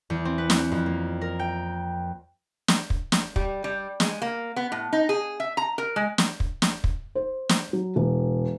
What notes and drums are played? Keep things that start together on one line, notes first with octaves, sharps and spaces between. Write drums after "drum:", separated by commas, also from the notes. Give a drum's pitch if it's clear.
E2
C4
B4
drum: snare
F2
A#3
A#4
G5
drum: snare
drum: kick
drum: snare
G3, drum: kick
G3
G#3, drum: snare
A#3
B3
A2
D#4
G#4
E5
A#5
A#4
G#3
drum: snare
drum: kick
drum: snare
drum: kick
C5
drum: snare
F#3
E1